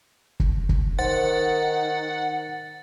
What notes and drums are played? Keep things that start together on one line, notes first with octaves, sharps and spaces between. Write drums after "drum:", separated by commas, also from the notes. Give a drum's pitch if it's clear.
drum: kick
drum: kick
D#3 C5 F#5 A6